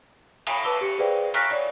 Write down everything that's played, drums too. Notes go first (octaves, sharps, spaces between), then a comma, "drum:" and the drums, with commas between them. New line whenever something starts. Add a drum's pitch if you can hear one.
B5 D#6, drum: cymbal
B4 A5 D6 E6 G7
G4 C#7
G#4 B4 C5 D5 F5 G5
A#5 C#6 F6 F#6 A#6 B6, drum: cymbal
C#5 D5